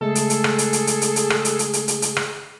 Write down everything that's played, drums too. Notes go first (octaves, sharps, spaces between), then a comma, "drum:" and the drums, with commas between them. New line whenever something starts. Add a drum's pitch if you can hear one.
C#3 G#3 A3 G#4 A4
drum: hi-hat
drum: hi-hat
drum: rim click
drum: hi-hat
drum: hi-hat
drum: hi-hat
drum: hi-hat
drum: hi-hat
drum: rim click
drum: hi-hat
drum: hi-hat
drum: hi-hat
drum: hi-hat
drum: hi-hat
drum: rim click